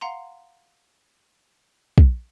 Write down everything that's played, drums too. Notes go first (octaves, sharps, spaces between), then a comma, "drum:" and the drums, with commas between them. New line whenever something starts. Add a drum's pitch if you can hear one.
F5 F#5 A#5 C6
drum: kick